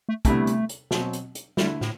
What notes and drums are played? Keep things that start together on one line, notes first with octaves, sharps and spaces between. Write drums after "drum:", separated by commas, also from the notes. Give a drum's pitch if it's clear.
A3
D2 C3 G3 A3 B3 E4, drum: kick, hi-hat
drum: hi-hat
drum: hi-hat
B2 F#3 C4, drum: snare
drum: hi-hat
drum: hi-hat
D3 G3 A3 E4, drum: snare
A2, drum: snare